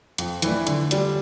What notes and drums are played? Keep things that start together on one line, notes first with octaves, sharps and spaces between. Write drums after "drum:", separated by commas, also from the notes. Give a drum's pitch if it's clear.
F2, drum: hi-hat
E3 A3 D4, drum: hi-hat
D3, drum: hi-hat
G3 D4, drum: hi-hat